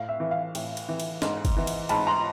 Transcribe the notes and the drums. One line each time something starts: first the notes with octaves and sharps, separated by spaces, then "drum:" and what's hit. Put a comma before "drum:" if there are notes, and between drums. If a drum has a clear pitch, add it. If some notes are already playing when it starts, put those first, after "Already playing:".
Already playing: A2 F5
E5
E3
F5
A2, drum: cymbal
drum: cymbal
E3
drum: cymbal
G#2, drum: snare
drum: kick, cymbal
E3
drum: cymbal
G#2 A5 B5, drum: cymbal
A#5 C6